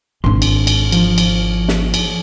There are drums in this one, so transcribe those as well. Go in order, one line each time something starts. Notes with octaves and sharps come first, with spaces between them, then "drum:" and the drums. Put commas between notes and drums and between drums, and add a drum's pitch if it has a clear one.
G#1 D4 C6
drum: cymbal
drum: cymbal
F3, drum: cymbal
drum: cymbal
drum: snare
drum: cymbal